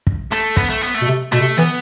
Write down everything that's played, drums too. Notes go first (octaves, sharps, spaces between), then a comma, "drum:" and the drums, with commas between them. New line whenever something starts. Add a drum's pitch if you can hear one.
drum: kick
A3, drum: rim click
B3, drum: kick
A3
B3
A3
B2
C3
B2 A3, drum: rim click
C3
E3 B3